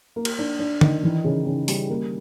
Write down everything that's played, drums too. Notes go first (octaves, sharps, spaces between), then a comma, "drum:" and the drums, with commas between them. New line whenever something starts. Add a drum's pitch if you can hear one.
A#3
drum: cymbal
D4
D4
D#3, drum: tom D3
E3
C#3
C#3
G3, drum: open hi-hat
A#3